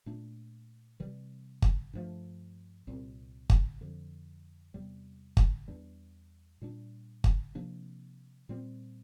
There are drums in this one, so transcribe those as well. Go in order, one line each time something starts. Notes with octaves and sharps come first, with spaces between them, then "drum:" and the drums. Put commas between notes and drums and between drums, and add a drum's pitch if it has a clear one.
A#2 A3 D4
C3 E3 G3
drum: kick G1
G2 F3 A3
C2 A#2 G3 C4
drum: kick G1
F2 D3 F3
E2 C3 G3
drum: kick G1
E2 E3 G3 D4
A#2 G3 D4
drum: kick G1
C3 F3 A#3 D4
A#2 G3 C4